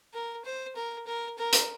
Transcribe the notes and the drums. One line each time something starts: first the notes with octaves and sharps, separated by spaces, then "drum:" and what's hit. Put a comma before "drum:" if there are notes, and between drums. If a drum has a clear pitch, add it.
A#4
C5
A#4
A#4
A#4
drum: hi-hat